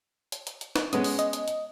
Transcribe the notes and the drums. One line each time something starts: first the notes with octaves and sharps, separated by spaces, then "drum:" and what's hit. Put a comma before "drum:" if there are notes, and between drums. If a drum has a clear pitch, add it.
drum: hi-hat
drum: hi-hat
drum: hi-hat
drum: snare
G#3 B3 C#4 D#6, drum: hi-hat
drum: open hi-hat
D#5, drum: hi-hat
drum: hi-hat
drum: hi-hat